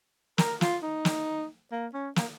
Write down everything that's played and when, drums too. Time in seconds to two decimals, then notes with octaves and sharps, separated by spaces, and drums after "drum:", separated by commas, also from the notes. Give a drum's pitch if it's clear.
0.38 A#4, drum: snare
0.61 F4, drum: snare
0.83 D#4
1.05 drum: snare
1.72 A#3
1.94 C#4
2.16 A#3, drum: snare